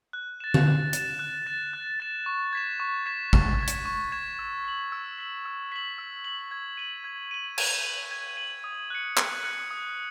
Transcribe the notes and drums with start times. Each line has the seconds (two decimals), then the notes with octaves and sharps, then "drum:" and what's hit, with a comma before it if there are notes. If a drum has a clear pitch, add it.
0.13 F#6
0.40 A6 E7
0.54 drum: tom D3
0.67 F#6
0.93 A6 E7, drum: hi-hat
1.19 F#6
1.46 A6 E7
1.73 F#6
2.00 A6 E7
2.26 C#6
2.53 G#6 B6 E7
2.80 C#6
3.06 G#6 B6 E7
3.33 C#6, drum: kick G#1
3.59 G#6 B6 E7
3.68 drum: hi-hat
3.85 C#6
4.12 G#6 B6 E7
4.39 E6
4.65 B6 F#7
4.92 E6
5.18 B6 F#7
5.45 E6
5.72 B6 F#7
5.98 E6
6.25 B6 F#7
6.51 G#6
6.77 D#7 F#7
7.04 G#6
7.31 D#7 F#7
7.58 G#6, drum: cymbal
7.84 D#7 F#7
8.11 G#6
8.37 D#7 F#7
8.64 D#6
8.90 F#6 C#7
9.17 D#6, drum: clap
9.44 F#6 C#7
9.71 D#6